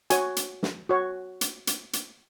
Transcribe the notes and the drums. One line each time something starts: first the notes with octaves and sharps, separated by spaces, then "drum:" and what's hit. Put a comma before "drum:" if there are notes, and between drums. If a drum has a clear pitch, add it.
F#4 C#5 G#5, drum: hi-hat
drum: hi-hat
drum: snare
F#4 C#5
drum: hi-hat
drum: hi-hat
drum: hi-hat